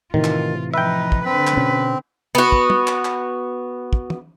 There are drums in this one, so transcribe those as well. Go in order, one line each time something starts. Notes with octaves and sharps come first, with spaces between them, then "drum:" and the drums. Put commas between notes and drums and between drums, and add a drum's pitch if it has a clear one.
A2 C3 D#3 E3 F4
drum: clap
F3 D#4 B4 E5 G5
drum: kick
D3 C4 B4
drum: clap
B2 C#4
B3 F#4
drum: kick
drum: tom
drum: clap
drum: clap
drum: kick
drum: tom